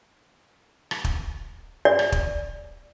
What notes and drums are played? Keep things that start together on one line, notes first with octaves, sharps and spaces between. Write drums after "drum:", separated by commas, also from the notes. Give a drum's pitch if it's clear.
drum: rim click
drum: kick
D5
drum: rim click
drum: kick